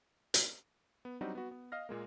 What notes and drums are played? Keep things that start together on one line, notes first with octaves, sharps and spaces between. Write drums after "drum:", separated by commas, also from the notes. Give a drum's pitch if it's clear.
drum: hi-hat
B3
F#3 G3 C4 D4 D#4 F#4
B3 F#4
B3
D#5 F5 F6 A#6
A#2 G#3 A#3